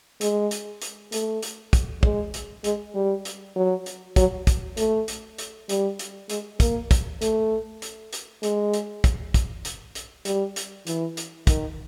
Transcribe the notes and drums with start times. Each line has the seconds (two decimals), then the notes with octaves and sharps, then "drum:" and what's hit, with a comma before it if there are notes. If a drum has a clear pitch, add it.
0.21 G#3, drum: hi-hat
0.51 drum: hi-hat
0.82 drum: hi-hat
1.12 A3, drum: hi-hat
1.43 drum: hi-hat
1.73 drum: kick, hi-hat
2.03 G#3, drum: kick
2.34 drum: hi-hat
2.64 G#3, drum: hi-hat
2.95 G3
3.25 drum: hi-hat
3.56 F#3
3.86 drum: hi-hat
4.16 F#3, drum: kick, hi-hat
4.47 drum: kick, hi-hat
4.77 A3, drum: hi-hat
5.08 drum: hi-hat
5.38 drum: hi-hat
5.69 G3, drum: hi-hat
5.99 drum: hi-hat
6.30 G#3, drum: hi-hat
6.60 A#3, drum: kick, hi-hat
6.91 drum: kick, hi-hat
7.22 A3, drum: hi-hat
7.82 drum: hi-hat
8.13 drum: hi-hat
8.43 G#3, drum: hi-hat
8.73 drum: hi-hat
9.04 drum: kick, hi-hat
9.34 drum: kick, hi-hat
9.65 drum: hi-hat
9.95 drum: hi-hat
10.25 G3, drum: hi-hat
10.56 drum: hi-hat
10.87 E3, drum: hi-hat
11.17 drum: hi-hat
11.47 D#3, drum: kick, hi-hat